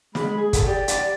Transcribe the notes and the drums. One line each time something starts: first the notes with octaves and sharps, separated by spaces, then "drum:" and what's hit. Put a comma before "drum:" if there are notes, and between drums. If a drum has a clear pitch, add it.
G#3 B5, drum: snare
G#4
A4, drum: kick, hi-hat
G4 D5
D5, drum: hi-hat